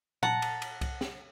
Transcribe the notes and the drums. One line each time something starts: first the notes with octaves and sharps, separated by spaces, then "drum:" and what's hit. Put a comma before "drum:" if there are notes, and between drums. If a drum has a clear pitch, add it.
F#5 A5 A#5, drum: tom A#2
drum: cymbal
drum: cymbal
drum: kick C2, cymbal
drum: snare